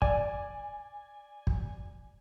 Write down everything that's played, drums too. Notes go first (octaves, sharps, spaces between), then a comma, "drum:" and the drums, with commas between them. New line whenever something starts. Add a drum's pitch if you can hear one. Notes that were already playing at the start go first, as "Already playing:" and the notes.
D5 G#5, drum: kick
drum: kick